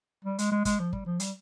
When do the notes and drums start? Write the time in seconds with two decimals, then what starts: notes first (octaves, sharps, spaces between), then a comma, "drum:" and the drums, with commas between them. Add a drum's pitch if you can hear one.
0.25 G3
0.39 G#3, drum: hi-hat
0.52 G#3
0.65 G#3, drum: kick, hi-hat
0.79 F3
0.93 G3, drum: kick
1.06 F3
1.20 G3, drum: hi-hat